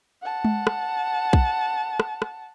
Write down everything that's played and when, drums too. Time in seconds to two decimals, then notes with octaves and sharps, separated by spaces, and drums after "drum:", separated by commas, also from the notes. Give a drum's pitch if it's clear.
0.22 F#5 A5
0.45 drum: tom G#3
0.67 drum: rim click
1.33 drum: kick B1
2.00 drum: rim click
2.22 drum: rim click